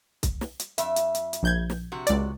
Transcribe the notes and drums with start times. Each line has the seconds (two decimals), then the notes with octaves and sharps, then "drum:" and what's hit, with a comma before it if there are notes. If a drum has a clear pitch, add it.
0.23 drum: kick, hi-hat
0.41 drum: snare
0.60 drum: hi-hat
0.78 F2 E5, drum: hi-hat
0.96 drum: hi-hat
1.15 drum: hi-hat
1.33 drum: hi-hat
1.43 A#1 G6 G#6
1.70 drum: snare
1.92 C3 F#4
2.07 C#2 D5, drum: hi-hat